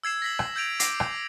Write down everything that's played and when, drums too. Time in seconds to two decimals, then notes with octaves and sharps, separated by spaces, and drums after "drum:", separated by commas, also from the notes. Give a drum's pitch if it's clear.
0.04 E6 G#6 C7 E7
0.22 A#6 B6 F#7
0.39 drum: rim click
0.55 E6 G6 G#6 D7 F7
0.80 D6 A#6 C7 D7, drum: hi-hat
1.00 drum: rim click